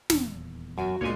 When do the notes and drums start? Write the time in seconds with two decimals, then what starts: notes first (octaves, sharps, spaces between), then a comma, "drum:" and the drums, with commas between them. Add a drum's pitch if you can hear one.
0.10 D#1 E2, drum: snare
0.78 F#2 F#4
1.01 C#2 A#2 G#3 D4 C#5 G#5